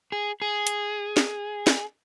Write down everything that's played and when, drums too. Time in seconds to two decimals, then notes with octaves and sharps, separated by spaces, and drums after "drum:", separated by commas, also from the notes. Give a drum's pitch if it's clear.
0.12 G#4
0.42 G#4
0.67 drum: hi-hat
1.17 drum: snare
1.67 drum: snare